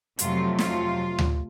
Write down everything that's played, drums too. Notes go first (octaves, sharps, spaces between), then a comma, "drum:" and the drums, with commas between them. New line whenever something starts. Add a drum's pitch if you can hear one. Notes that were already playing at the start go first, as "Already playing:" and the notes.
F2 C3 F#3 A3 F4, drum: hi-hat
F4, drum: snare
drum: tom D2